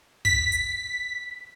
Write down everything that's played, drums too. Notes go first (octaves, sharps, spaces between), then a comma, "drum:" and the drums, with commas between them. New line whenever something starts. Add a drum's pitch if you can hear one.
B6, drum: kick
drum: hi-hat